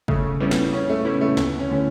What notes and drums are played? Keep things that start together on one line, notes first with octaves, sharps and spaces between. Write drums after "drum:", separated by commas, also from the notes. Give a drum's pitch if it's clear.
C#3 A3, drum: kick
G3 B3 C#4 E4
drum: snare
C#3 C#4
A3
G3 B3 C#4 E4
A3
D2 B3, drum: snare
C#4
D3 A3 C#4 E4